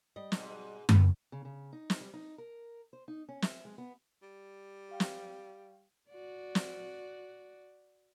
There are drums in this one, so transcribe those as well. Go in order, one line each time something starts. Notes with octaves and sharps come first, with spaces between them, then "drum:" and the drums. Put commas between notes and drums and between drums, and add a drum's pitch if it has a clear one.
G3 D#5
G#2 B2, drum: snare
B3, drum: tom F#2
C#3
C#3
D#4
drum: snare
G3
D#4
A#4
C5
D#4
C#4
E5, drum: snare
G#3
B3
G3
G4 F5 G5
drum: snare
F#4 D5
drum: snare